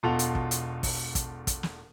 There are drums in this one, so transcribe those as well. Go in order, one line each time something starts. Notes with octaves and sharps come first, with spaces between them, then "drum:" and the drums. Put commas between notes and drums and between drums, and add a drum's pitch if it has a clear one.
E1 B2 F4 A4 F#5 F7
drum: hi-hat
drum: kick
drum: hi-hat
drum: kick, open hi-hat
drum: kick, hi-hat
drum: kick, hi-hat
drum: snare